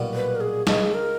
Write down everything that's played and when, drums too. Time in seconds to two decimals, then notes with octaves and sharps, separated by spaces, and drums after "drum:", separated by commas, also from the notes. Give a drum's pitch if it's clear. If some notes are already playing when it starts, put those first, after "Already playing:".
Already playing: B1 A#2 G3 B3
0.14 B4
0.35 A#4
0.41 G#4
0.67 C#2 C#3 G#3 D#4 G#4, drum: snare
0.94 A#4